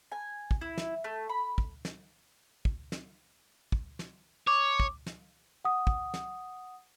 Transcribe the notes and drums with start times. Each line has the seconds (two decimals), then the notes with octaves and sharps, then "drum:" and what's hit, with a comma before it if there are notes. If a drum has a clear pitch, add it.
0.12 G#5
0.51 drum: kick
0.61 E4
0.78 drum: snare
1.04 A3
1.29 B5
1.58 drum: kick
1.85 drum: snare
2.65 drum: kick
2.92 drum: snare
3.72 drum: kick
3.99 drum: snare
4.47 C#5 D6
4.80 drum: kick
5.06 drum: snare
5.65 F#5 D#6
5.87 drum: kick
6.14 drum: snare